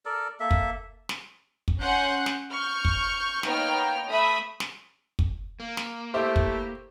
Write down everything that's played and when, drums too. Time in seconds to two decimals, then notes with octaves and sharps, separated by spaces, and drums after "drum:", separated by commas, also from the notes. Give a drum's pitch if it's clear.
0.05 A4 A#4 D5
0.40 A#3 A4 E5
0.51 drum: kick
1.09 drum: snare
1.68 drum: kick
1.80 C#4 F#5 C6 F#6 G6
2.26 drum: snare
2.51 C#6 F6 G6
2.85 drum: kick
3.43 A#3 B3 D#4 C#5 G5 F6, drum: snare
4.07 A3 E5 B5 D#6
4.60 drum: snare
5.19 drum: kick
5.60 A#3
5.77 drum: snare
6.14 A3 E4 G4 C5 E5
6.36 drum: kick